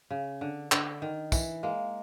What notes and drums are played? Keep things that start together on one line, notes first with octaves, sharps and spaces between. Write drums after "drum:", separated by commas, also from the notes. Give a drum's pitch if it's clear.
C#3
D3
D3, drum: clap
D#3
E3, drum: kick, tambourine
G#3 A#3